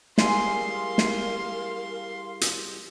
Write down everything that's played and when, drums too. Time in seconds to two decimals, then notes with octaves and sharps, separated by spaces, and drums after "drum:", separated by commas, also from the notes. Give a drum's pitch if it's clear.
0.18 E3 G3 G#4 A#4 F5 C6, drum: snare
0.98 drum: snare
2.41 drum: hi-hat